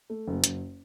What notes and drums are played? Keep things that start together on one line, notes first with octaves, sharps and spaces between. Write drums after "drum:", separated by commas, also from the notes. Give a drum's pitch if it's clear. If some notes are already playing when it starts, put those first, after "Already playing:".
A3
F#1
F#1, drum: hi-hat